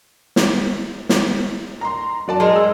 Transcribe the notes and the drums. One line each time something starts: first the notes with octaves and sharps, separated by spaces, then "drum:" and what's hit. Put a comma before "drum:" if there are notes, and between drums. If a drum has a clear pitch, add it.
drum: snare
drum: snare
A#5 C6
F#3 D5 A5
G#3 D#4 A#4 C6
E6